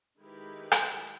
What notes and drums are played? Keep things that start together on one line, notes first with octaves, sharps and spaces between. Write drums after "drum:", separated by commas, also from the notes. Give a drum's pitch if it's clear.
D#3 G#3 E4 G4 A#4 B4
drum: rim click